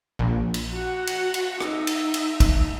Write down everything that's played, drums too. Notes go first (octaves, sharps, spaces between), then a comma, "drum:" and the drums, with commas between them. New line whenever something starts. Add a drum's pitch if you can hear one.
A#1
drum: cymbal
F#4 F#5
drum: cymbal
drum: cymbal
D#4 E5, drum: rim click
drum: cymbal
drum: cymbal
drum: kick, cymbal